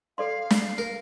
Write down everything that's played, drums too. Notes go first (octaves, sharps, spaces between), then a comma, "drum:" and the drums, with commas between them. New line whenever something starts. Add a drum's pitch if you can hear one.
A4 D5 F5 C6
drum: snare
A#4